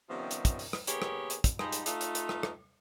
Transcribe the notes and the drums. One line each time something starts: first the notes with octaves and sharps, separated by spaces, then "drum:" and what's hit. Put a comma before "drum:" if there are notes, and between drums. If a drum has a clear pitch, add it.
C3 D#3 F3 G3 B3 C#4
drum: hi-hat
drum: kick, hi-hat
drum: open hi-hat
drum: rim click
D#3 A#3 B3 G4 G#4 C#5, drum: hi-hat
drum: rim click
drum: hi-hat
drum: kick, hi-hat
F3 G3 G#3 D#4, drum: rim click
drum: hi-hat
A3 D#4 F4, drum: hi-hat
drum: hi-hat
drum: hi-hat
drum: rim click
drum: rim click